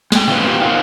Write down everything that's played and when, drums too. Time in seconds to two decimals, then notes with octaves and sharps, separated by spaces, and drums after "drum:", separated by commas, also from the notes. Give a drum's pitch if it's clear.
0.12 G#3 G5, drum: snare
0.28 D3 E3 C4 D#4 F4 B4
0.47 A#3 F4 G4 G5
0.60 B3 D#4 A#4 C5 F5